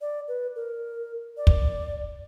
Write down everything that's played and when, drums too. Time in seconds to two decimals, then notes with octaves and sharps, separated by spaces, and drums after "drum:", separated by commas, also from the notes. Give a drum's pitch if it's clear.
0.01 D5
0.28 B4
0.56 A#4
1.37 D5
1.47 drum: kick